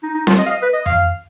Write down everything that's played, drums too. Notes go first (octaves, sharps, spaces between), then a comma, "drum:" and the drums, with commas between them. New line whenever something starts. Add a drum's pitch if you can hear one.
D#4
D#4
F4, drum: snare C4
D#5
F5
D#5
B4
D#5
F5, drum: tom F2